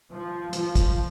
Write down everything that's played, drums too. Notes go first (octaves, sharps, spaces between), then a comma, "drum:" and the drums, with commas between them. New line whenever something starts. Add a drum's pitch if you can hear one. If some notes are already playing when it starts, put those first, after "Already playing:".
F3
F3, drum: hi-hat
drum: kick, hi-hat